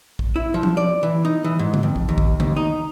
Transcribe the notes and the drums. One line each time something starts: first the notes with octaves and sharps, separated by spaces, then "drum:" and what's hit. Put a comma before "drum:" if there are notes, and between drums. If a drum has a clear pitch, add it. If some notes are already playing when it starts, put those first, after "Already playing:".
drum: kick
E4
F3
drum: tom F3
D5
E3
D#4
E3
G#2
drum: tom C#3
F2
drum: kick
D#2
drum: kick
D#2, drum: tom C#3
D#4